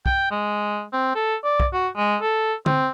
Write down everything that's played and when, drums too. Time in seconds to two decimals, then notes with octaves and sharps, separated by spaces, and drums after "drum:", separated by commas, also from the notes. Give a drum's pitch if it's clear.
0.06 G5, drum: kick
0.31 G#3
0.93 C4
1.16 A4
1.44 D5
1.60 drum: kick
1.74 F#4
1.97 G#3
2.22 A4
2.66 C4, drum: tom